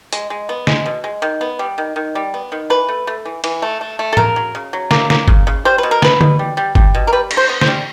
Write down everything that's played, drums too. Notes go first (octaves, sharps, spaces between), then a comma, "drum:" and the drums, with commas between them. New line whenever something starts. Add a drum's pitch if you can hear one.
G#3, drum: hi-hat
G#3
B3
G#3, drum: snare
B2
G#3
D#3
B3
G3
D#3
D#3
G3
B3
D#3
E3 B4
A3
A3
E3
E3, drum: cymbal
A3
A3
A3
A4
C#3 A#4, drum: tom
F#3
C#3
F#3
A#3, drum: snare
A#3, drum: snare
C#3, drum: kick G1
C#3
G3 C5
B2 B4
A#4
B3 B4, drum: snare
B2, drum: tom D3
G3
G3
G3, drum: kick G1
B2
A#4
G3 B4
D3, drum: cymbal
C5
B3
C5, drum: snare
G3